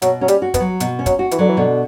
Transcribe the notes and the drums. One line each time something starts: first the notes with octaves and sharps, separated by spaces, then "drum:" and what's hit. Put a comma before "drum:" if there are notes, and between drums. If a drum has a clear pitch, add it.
B2 F#3, drum: hi-hat
F#3 C#4
G3, drum: hi-hat
F#4
B3, drum: kick, hi-hat
F#3
B2, drum: hi-hat
C#4
F#3, drum: kick, hi-hat
F#4
E3, drum: hi-hat
D3 F#3
E3
B2 D3